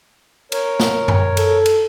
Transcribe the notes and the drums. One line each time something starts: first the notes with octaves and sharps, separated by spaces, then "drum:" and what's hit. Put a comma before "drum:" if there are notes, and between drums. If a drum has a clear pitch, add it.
A#4 C#5, drum: cymbal
drum: snare
drum: tom F#2
A4, drum: cymbal
drum: cymbal